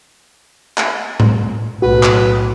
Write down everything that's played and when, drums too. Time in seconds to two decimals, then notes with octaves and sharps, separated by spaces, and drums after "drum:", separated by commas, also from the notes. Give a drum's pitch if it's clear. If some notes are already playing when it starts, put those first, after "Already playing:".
0.78 drum: clap
1.20 drum: tom A2
1.82 B1 A2 F#4 B4
2.03 drum: clap